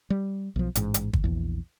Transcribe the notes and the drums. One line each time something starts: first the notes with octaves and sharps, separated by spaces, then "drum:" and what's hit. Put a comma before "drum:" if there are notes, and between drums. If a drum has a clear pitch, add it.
G3
B1 F3
A1 G#2, drum: hi-hat
drum: hi-hat
drum: kick
A#1 E2